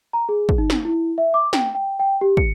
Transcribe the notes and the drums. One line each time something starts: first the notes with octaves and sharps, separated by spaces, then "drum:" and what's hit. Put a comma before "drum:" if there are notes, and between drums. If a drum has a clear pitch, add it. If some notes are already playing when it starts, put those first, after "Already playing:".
A#5
G#4
drum: kick
D#4
drum: snare
E4
E5
D6
G5, drum: snare
G5
G5
G4
C#7, drum: kick